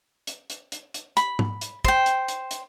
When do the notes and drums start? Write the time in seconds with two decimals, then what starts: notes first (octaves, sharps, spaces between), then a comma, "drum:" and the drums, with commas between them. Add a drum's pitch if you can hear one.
0.27 drum: hi-hat
0.50 drum: hi-hat
0.72 drum: hi-hat
0.94 drum: hi-hat
1.17 B5, drum: hi-hat
1.39 drum: tom G#2
1.61 drum: hi-hat
1.84 C5 G5, drum: kick
2.06 drum: hi-hat
2.28 drum: hi-hat
2.51 drum: hi-hat